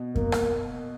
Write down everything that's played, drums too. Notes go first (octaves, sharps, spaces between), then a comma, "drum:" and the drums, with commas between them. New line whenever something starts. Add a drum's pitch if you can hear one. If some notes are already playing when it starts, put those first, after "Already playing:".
Already playing: B2
A#3, drum: kick F#2
drum: rim click